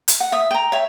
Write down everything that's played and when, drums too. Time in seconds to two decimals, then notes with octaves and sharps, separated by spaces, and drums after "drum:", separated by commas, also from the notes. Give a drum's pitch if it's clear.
0.08 drum: hi-hat
0.20 F#5
0.32 E5 D#6
0.51 G5 A#5
0.72 C#5 E5